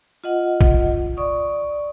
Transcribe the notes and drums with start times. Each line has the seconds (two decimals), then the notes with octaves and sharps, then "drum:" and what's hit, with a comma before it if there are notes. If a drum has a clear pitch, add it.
0.24 F4 D#5 F#5
0.61 drum: kick A#1
1.17 D5 C#6 D#6